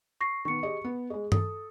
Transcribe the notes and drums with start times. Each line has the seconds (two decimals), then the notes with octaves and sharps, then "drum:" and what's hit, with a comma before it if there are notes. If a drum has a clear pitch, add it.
0.21 C#6 A#6 C7
0.45 D#3 B3 C#6 C#7
0.63 G4 G#4 D#5
0.84 B3
1.10 G#3 G#4 D#5
1.32 A4 D#6, drum: tom G2